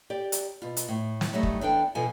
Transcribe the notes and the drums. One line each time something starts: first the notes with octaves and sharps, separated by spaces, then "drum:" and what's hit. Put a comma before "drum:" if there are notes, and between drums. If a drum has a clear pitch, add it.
G4 D5
drum: hi-hat
B2 F4
drum: hi-hat
A2
drum: snare
F#3 G3 A3 D#4
drum: kick
E2 D4 A4 G5
B2 F3 F4 A4 G#5